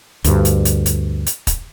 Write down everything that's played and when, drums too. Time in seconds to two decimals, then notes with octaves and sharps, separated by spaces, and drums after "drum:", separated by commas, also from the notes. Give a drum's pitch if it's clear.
0.24 D2 G2, drum: hi-hat
0.45 drum: hi-hat
0.65 drum: hi-hat
0.86 drum: hi-hat
1.27 drum: hi-hat
1.47 drum: kick, hi-hat